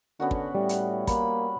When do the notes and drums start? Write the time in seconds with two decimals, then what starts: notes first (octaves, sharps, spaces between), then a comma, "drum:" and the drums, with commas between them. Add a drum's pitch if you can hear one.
0.20 D3 B3 C#4 F#4
0.31 drum: kick
0.55 A2 G3
0.69 drum: hi-hat
1.07 A#3 B5, drum: kick, hi-hat